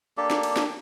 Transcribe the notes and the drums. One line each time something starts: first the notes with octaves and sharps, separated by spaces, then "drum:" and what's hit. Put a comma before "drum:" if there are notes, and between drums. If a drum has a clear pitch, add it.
A#3 D4 G4 A4
drum: snare
drum: cymbal
drum: snare